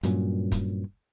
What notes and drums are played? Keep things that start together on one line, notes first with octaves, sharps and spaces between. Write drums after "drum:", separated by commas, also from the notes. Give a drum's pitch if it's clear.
G2 A#2 F#3 C#4, drum: hi-hat
drum: kick, hi-hat